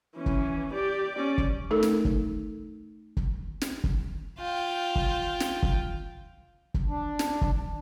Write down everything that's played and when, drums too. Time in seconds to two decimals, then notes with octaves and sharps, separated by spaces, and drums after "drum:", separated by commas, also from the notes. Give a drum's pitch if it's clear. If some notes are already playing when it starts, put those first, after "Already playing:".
0.17 E3 C#4
0.26 drum: kick
0.73 G4 D5
1.16 C#4 D5
1.38 drum: kick
1.71 A3 D#4 A4 A#4
1.83 drum: snare
2.05 drum: kick
3.17 drum: kick
3.61 drum: snare
3.84 drum: kick
4.39 F4 G5
4.96 drum: kick
5.40 drum: snare
5.63 drum: kick
6.74 drum: kick
6.88 D4
7.19 drum: snare
7.42 drum: kick